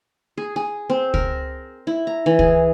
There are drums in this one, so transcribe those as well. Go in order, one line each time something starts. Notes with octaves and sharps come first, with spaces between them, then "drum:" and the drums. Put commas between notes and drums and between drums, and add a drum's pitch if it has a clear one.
G#4
G#4
C4
A#4, drum: kick C#2
E4
A#5
E3
G#4, drum: kick C#2